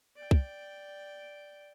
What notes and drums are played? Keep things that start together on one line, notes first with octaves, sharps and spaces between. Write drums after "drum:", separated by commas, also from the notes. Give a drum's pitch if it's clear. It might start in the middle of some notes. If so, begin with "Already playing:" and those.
D5 G5
drum: kick